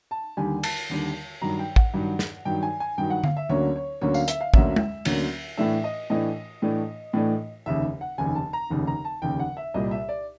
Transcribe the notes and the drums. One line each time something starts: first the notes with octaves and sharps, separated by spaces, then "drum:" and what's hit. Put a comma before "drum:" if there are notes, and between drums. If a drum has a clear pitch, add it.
A5
D#2 D3 G3 G#5
A5, drum: cymbal
D#2 D3 G3
G2 D#3 F#3 A#5
G5
F#5, drum: kick
G2 D#3 F#3
drum: snare
G2 D#3 F#3 G5
G#5
G#5
G2 D#3 F#3 G5
F#5
F5, drum: tom D3
E5
D2 D3 F#3 A#3 C#4 C#5
C#5
D2 D3 F#3 A#3 C#4 C#5
F5, drum: tambourine
E5, drum: hi-hat
F5
D2 D3 F#3 A#3 C#4 E5, drum: kick
drum: tom G#3
D2 D3 F#3 A#3 C#4, drum: cymbal
A2 E3 A3 D4 E5
D#5
A2 E3 A3 D4 D#5
A2 E3 A3 D4
A2 E3 A3 D4
F1 D#2 C#3 E5
F#5
F1 D#2 C#3 G#5
A5
A#5
F1 D#2 C#3
A#5
A5
F1 D#2 C#3 G5
F#5
E5
C2 A#2 G3 D#5
E5
D5